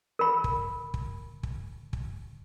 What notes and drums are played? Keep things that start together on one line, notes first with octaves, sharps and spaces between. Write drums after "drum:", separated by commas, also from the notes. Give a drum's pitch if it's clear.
A#4 B5
drum: kick
drum: kick
drum: kick
drum: kick